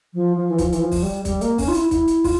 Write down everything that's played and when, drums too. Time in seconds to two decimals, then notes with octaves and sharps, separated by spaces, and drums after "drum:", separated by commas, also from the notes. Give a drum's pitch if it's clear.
0.14 F3
0.36 F3
0.50 E3
0.58 F3, drum: kick, hi-hat
0.73 E3, drum: hi-hat
0.81 F3
0.92 drum: kick, open hi-hat
1.02 G3
1.25 G3, drum: kick, hi-hat
1.41 A#3, drum: hi-hat
1.58 C#4, drum: kick, open hi-hat
1.68 F4
1.74 E4, drum: hi-hat
1.91 E4, drum: kick, hi-hat
2.08 drum: hi-hat
2.24 F4, drum: kick, open hi-hat